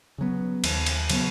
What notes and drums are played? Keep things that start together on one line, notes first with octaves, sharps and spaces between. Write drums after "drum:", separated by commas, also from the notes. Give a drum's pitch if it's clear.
C#3 F#3 B3
D#2, drum: cymbal
drum: cymbal
C#3 F#3 B3, drum: cymbal